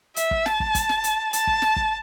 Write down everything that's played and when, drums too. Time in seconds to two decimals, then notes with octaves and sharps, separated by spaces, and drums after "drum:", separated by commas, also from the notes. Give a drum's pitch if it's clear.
0.16 E5, drum: hi-hat
0.31 drum: kick
0.46 A5, drum: snare
0.60 drum: kick
0.75 drum: kick, hi-hat
0.89 drum: snare
1.04 drum: hi-hat
1.33 A5, drum: hi-hat
1.47 drum: kick
1.62 drum: snare
1.76 drum: kick